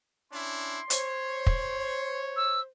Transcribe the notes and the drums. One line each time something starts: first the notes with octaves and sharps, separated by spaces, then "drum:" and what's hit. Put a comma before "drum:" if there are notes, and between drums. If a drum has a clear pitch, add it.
C#4 D4 E4 C6
C5 C#5, drum: hi-hat
drum: kick
E6